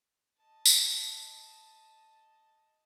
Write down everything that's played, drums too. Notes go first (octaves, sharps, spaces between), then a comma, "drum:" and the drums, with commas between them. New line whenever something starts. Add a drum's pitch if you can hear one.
D#5 A5
drum: tambourine